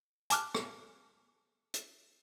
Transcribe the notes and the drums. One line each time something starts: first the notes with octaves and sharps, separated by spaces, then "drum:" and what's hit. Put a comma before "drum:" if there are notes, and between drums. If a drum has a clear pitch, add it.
G#5 A5 D6 F6 F#6, drum: hi-hat
drum: rim click
drum: hi-hat